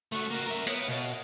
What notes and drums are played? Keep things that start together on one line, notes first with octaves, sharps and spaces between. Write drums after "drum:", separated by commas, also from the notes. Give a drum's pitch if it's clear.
A3 F#4
A#3 F#4
A#4 E5
B3, drum: cymbal
B2